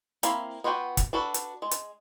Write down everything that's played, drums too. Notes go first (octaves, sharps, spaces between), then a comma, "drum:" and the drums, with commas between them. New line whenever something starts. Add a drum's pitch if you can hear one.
A#3 C4 E4 F5 B5, drum: hi-hat
B3 F4 F#4 F5 G5
drum: kick, hi-hat
D4 F#4 A4 B4
drum: hi-hat
G#3
drum: hi-hat